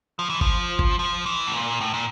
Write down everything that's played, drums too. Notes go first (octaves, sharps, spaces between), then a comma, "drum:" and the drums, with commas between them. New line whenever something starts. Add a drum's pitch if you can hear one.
F3
E3
F3, drum: kick G#1
drum: kick G#1
F3
E3
A2
A#2
A2
A#2